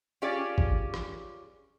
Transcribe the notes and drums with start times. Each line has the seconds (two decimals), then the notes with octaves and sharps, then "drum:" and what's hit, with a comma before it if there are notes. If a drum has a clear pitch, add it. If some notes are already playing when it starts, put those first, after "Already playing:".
0.22 C#4 F4 G4 G#4 D5
0.58 drum: kick G#1
0.94 drum: rim click